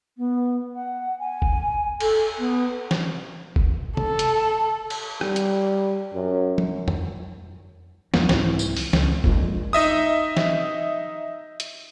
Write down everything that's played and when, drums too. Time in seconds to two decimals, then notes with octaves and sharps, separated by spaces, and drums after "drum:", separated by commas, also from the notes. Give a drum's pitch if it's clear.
0.17 B3
0.74 F#5
1.19 G#5
1.42 drum: kick F#1
2.00 A4, drum: cymbal
2.38 B3
2.91 drum: snare
3.56 drum: kick F#1
3.97 A4, drum: tom
4.19 drum: hi-hat
4.90 drum: cymbal
5.21 G3, drum: rim click
5.36 drum: hi-hat
6.14 F#2
6.58 drum: tom F3
6.88 drum: tom F2
8.14 E2 F3 F#3 A#3, drum: snare
8.29 C2 G#2 E3, drum: snare
8.59 drum: tambourine
8.77 drum: open hi-hat
8.93 C#2, drum: snare
9.24 A#1 F2 A#2 G#3, drum: kick F#1
9.73 D#4 D#5 E5 D#6
10.37 drum: snare
11.60 drum: hi-hat